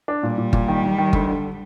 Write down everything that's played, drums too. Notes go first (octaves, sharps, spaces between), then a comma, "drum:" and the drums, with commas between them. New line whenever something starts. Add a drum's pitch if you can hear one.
D4
A#2 G3
A#2
A#2, drum: kick G1
D#3
D#3
D#3
D2, drum: kick G1
D3